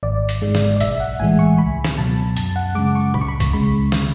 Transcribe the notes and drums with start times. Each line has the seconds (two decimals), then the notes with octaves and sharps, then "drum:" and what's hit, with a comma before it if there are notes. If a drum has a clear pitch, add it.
0.03 G#1 D5
0.29 drum: hi-hat
0.42 G#2 G#3
0.55 drum: snare
0.76 D5
0.80 B1 E5, drum: hi-hat
1.00 F#5
1.20 A2 E3 G#3 G#5
1.39 C#6
1.58 C#2 B5
1.84 drum: snare
1.97 B2 F#3 A5
2.37 F#2 A5, drum: hi-hat
2.56 F#5
2.75 C#3 G#3 D6
2.95 C#6
3.14 C#2 B5, drum: tom
3.21 C#6
3.28 B5
3.40 drum: kick, hi-hat
3.53 C#3 G#3 B5
3.92 drum: snare